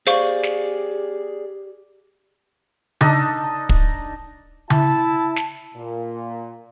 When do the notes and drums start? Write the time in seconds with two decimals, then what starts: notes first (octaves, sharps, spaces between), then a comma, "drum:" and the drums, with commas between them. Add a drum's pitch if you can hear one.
0.07 G4 G#4 C5 D5 F5 C#6, drum: snare
0.43 drum: snare
3.01 D4 D#4 A4 D#5, drum: tom C#3
3.69 drum: kick
4.70 E4 A5, drum: tom C#3
5.36 drum: snare
5.75 A#2